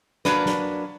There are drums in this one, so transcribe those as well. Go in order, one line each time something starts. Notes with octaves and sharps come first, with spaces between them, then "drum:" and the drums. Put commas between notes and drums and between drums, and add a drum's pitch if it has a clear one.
F#3 A#3 D4 B4, drum: snare
drum: snare